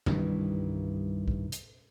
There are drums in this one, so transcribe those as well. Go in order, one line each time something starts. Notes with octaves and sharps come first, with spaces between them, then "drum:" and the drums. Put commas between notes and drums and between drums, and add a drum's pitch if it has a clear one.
C2 G2 D#3 E3, drum: tom G2
drum: kick
drum: hi-hat